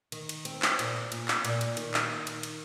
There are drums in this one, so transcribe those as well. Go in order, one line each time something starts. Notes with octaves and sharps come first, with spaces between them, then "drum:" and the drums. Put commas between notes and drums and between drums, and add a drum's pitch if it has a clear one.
D#3, drum: cymbal
drum: cymbal
C4, drum: cymbal
drum: clap
A#2, drum: cymbal
A#2, drum: cymbal
drum: clap
A#2, drum: cymbal
drum: cymbal
D#3, drum: cymbal
drum: clap
drum: cymbal
drum: cymbal